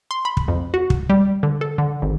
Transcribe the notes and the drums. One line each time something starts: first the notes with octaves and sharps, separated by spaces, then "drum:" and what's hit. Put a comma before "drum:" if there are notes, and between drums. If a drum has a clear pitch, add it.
C6
B5
drum: kick
F2
F#4
drum: kick
G3
D3
A4
D3
G#1